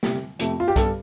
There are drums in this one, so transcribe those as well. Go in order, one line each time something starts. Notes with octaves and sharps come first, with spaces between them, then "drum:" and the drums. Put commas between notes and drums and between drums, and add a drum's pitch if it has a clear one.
C3 G3, drum: snare
F2 C3 A3, drum: hi-hat
F4
G4
G2 G3 A4, drum: kick B1, hi-hat